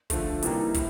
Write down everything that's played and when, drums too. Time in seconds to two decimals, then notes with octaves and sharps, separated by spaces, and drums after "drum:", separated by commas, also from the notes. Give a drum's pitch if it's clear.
0.10 D3 F3 A3, drum: kick, hi-hat
0.42 C3 E3 G3 A#3 D#4, drum: hi-hat
0.74 A2, drum: kick, hi-hat